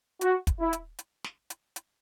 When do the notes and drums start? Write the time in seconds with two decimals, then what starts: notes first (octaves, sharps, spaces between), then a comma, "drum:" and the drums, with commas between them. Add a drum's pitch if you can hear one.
0.21 F#4, drum: hi-hat
0.47 drum: kick, hi-hat
0.60 E4
0.73 drum: hi-hat
0.99 drum: hi-hat
1.24 drum: snare
1.50 drum: hi-hat
1.76 drum: hi-hat